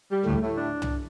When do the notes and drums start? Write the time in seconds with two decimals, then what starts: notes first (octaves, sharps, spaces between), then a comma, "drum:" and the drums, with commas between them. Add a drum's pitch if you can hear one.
0.10 G3
0.25 D2 A2 D3
0.40 A2
0.57 D4
0.82 drum: tom